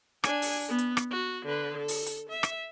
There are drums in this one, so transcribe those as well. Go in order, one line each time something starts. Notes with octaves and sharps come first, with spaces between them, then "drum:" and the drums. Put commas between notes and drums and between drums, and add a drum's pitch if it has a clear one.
D4 G#5, drum: rim click
drum: open hi-hat
B3
drum: hi-hat
drum: rim click
F#4
D3 B4
A4
drum: open hi-hat
drum: hi-hat
E5
drum: rim click